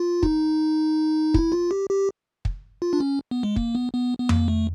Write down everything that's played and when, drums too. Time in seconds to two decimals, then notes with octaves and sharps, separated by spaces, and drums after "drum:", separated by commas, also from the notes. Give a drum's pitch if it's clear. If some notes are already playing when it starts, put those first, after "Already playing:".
Already playing: F4
0.23 D#4, drum: kick
1.34 E4, drum: kick
1.52 F4
1.71 G4
1.90 G4
2.45 drum: kick
2.82 F4
2.93 D4
3.00 C#4
3.31 B3
3.43 G#3
3.56 A#3, drum: kick
3.75 B3
3.93 B3
4.19 B3
4.29 A#3, drum: tom F2
4.48 A3